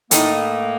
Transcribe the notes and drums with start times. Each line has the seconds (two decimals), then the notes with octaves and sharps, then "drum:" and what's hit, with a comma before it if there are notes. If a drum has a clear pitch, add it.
0.11 A2 A3 A#3 D#4, drum: hi-hat